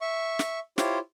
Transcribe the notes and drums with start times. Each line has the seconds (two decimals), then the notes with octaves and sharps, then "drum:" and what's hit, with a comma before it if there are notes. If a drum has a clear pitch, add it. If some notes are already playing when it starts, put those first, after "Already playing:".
0.01 E5 C#6
0.39 drum: snare
0.78 E4 F4 G4 C5 C#5, drum: snare